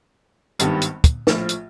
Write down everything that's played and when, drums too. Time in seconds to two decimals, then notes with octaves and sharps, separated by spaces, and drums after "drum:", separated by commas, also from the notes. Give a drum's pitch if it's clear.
0.59 G#1 G2 D#3 G3 B3, drum: hi-hat
0.82 drum: hi-hat
1.04 drum: kick, hi-hat
1.27 A#1 A2 F3, drum: snare
1.49 drum: hi-hat